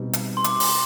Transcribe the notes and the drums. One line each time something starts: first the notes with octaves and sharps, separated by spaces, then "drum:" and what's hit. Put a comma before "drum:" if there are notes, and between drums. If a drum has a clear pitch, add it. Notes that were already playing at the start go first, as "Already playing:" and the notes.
Already playing: B2 G3 C4 D#4
drum: hi-hat
C6
D6, drum: hi-hat
drum: open hi-hat